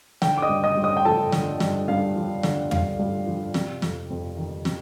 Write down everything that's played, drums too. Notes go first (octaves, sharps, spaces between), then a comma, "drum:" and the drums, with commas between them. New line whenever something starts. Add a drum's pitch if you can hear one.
D3 G5, drum: snare
D6
D#5 D#6
G2
D#5 D#6
G2
D#5 D#6
G5
F3 A4 A5
D3, drum: snare
G2, drum: snare
G2 F5
F3
D3, drum: snare
G2 F5, drum: tom
G2
F3
C3, drum: snare
F2, drum: snare
F2
D#3
C3, drum: snare